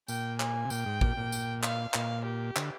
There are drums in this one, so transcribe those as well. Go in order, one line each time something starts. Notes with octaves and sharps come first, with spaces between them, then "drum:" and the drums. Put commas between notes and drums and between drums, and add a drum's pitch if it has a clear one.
A#2 G5, drum: tambourine
G#5, drum: clap
C3
A#2 G5, drum: tambourine
G#2
A#2, drum: kick A1
A#2
drum: tambourine
F5, drum: clap
A#2 F5, drum: clap
G4
D3, drum: clap